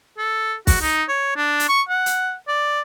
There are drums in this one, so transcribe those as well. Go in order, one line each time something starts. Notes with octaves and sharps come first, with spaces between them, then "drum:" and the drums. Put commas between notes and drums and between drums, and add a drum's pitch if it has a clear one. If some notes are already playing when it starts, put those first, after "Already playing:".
A4
F#4, drum: kick, open hi-hat
D#4
C#5
D4
drum: hi-hat
C#6
F#5
drum: hi-hat
D5